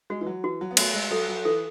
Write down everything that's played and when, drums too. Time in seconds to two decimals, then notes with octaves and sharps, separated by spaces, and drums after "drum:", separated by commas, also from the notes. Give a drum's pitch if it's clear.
0.10 G#3 F#4
0.21 E3
0.27 F#3
0.44 E3 F#4
0.61 F#3
0.71 B3
0.77 A3 F#4, drum: cymbal
0.94 G#3
1.11 F#3 A4
1.28 F#3
1.45 E3 A4